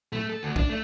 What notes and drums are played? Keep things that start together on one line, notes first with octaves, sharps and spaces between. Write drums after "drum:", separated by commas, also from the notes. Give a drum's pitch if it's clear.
A3, drum: tom A2
A4
D2
D4, drum: kick
A3